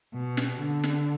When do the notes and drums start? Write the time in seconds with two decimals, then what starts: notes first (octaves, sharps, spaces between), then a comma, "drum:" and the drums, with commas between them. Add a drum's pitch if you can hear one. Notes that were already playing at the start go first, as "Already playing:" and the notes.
0.14 B2
0.37 drum: snare
0.60 D3
0.83 drum: snare